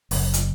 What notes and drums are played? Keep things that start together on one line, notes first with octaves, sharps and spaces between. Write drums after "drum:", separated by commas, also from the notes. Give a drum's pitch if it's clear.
F#1, drum: open hi-hat
drum: hi-hat